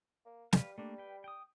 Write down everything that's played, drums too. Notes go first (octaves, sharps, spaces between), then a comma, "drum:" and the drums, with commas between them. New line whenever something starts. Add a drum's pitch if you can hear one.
A#3
G3 B4 F5, drum: snare
G3 A3 A#3 D4
B4 G5
G5 D#6